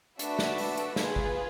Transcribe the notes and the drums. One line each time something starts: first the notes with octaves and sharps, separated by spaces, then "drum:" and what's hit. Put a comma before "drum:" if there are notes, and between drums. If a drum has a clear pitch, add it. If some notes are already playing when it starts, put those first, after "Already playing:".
A3 D4 F#4 B4 E5, drum: hi-hat
drum: snare
drum: open hi-hat
drum: hi-hat
F4 G#4 B4, drum: snare
drum: kick